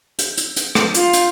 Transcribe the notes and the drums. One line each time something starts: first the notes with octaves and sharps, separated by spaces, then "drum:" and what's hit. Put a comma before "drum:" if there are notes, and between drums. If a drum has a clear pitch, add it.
drum: hi-hat
drum: hi-hat
drum: hi-hat
drum: rim click
F4, drum: hi-hat
drum: hi-hat